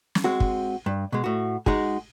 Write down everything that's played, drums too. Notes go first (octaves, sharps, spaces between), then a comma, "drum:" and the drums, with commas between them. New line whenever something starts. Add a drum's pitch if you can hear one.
drum: snare
G#3 C4 F#4
drum: kick
G2
B2 G#3
A2 F#4
G#3 D#4 F#4 G#4, drum: kick